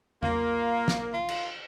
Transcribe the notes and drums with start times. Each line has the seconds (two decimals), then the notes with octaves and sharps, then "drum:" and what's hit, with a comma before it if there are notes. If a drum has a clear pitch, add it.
0.23 A#3 F4, drum: tom E2
0.88 drum: snare
1.14 F4
1.29 drum: cymbal